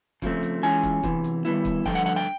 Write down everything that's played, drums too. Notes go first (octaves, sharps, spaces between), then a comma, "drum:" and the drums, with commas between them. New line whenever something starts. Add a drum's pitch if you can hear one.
C#3 F3 A3 C4, drum: kick, hi-hat
drum: hi-hat
E3 G#3 C#4 F4 G#5
drum: kick, hi-hat
E2 C3 E3, drum: kick, hi-hat
drum: hi-hat
D#3 G3 B3 E4, drum: hi-hat
drum: kick, hi-hat
G2 D3 F3 A3 G5, drum: kick, hi-hat
F#5
F#5, drum: hi-hat
G5